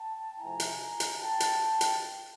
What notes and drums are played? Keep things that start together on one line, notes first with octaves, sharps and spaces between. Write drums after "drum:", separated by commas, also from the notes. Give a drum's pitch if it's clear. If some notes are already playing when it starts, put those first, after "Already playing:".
Already playing: G5 A5
C3 F3 A3 C4 E4 G#5 A#5
drum: hi-hat
drum: hi-hat
G5 A5
drum: hi-hat
drum: hi-hat